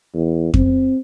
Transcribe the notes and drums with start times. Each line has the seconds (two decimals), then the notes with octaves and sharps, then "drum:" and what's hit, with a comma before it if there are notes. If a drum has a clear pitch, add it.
0.14 E2
0.54 C4, drum: kick F2